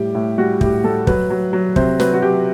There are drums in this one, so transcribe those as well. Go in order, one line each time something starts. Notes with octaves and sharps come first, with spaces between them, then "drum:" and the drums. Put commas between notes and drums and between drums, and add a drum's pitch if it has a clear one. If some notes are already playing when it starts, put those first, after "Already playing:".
Already playing: A2 G3 G4
A2
G3 F#4
A2 G4, drum: kick
G3 A4
F#3 B4, drum: kick
F#3
F#3
C3 C5, drum: kick
F#3 B4, drum: snare
F#4
F#3 G4